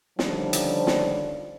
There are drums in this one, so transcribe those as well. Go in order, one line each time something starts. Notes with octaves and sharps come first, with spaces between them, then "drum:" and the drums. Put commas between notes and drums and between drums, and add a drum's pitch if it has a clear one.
D3 D#3 F3 G3 C#4 D4, drum: snare
drum: hi-hat
drum: snare